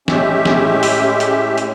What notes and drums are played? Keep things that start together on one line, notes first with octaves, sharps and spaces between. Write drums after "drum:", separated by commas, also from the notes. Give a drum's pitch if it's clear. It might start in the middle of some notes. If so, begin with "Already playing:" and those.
A2 G#3 C#4 G4 E5, drum: snare
drum: snare
drum: open hi-hat
drum: hi-hat
drum: hi-hat